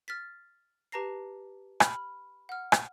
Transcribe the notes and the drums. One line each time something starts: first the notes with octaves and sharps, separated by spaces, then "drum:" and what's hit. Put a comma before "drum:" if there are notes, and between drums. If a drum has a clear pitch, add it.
F6 A6 B6
G4 B4 A5 A#5 A#6 C7
B5 F6, drum: rim click
F#5 F6
drum: rim click